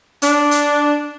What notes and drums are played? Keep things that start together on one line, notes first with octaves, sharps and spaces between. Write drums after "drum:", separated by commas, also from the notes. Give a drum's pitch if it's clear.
D4, drum: hi-hat
drum: hi-hat